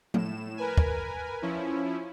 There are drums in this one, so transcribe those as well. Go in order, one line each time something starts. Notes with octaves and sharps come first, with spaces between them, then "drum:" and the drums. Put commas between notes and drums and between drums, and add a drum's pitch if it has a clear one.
A2 E7, drum: tom F3
A#4 B4 G#5
drum: kick
F3 C#4 E4